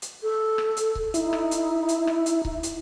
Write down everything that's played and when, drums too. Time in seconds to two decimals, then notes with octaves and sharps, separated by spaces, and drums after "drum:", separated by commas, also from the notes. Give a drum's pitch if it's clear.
0.02 drum: hi-hat
0.23 A4
0.58 drum: rim click
0.77 drum: hi-hat
0.95 drum: kick C#1
1.14 D#4 E4, drum: hi-hat
1.33 drum: rim click
1.51 drum: hi-hat
1.89 drum: hi-hat
2.07 drum: rim click
2.26 drum: hi-hat
2.45 drum: kick C#1
2.63 drum: hi-hat